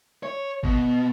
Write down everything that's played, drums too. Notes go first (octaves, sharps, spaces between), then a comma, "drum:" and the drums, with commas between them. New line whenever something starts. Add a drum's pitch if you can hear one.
C#5
B2, drum: kick